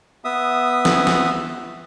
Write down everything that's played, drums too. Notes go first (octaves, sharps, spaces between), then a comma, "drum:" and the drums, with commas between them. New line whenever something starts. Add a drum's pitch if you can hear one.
B3 E5 D#6
drum: snare
drum: snare